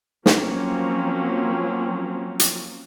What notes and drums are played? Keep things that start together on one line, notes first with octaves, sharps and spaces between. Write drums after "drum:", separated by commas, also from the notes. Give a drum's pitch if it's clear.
F3 F#3 A#3 C4 C#4, drum: snare
drum: hi-hat